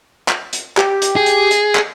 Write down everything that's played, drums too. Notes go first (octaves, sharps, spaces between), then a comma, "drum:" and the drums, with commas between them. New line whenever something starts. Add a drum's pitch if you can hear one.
drum: clap
drum: hi-hat
G4, drum: clap
drum: hi-hat
G#4
drum: hi-hat
drum: hi-hat
drum: clap